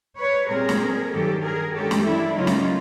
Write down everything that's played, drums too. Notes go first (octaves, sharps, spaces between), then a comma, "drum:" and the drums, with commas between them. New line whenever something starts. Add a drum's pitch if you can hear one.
B4 C#5
A#2 G3 C4 G#4 A#4
drum: snare
G2 D#3 F#3 G4 A4
G#4 A#4
G2 E3 G#3 C#4 G4 A4
drum: snare
D4 E4
C#3 F#3 A#3 C#4 D#4 F4
drum: snare